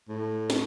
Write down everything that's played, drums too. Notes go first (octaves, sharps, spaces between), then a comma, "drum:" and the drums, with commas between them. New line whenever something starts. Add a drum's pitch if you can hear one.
A2
drum: snare